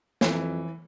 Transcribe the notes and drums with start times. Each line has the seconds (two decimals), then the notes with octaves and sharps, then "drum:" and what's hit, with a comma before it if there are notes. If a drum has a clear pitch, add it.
0.21 F2 E3, drum: snare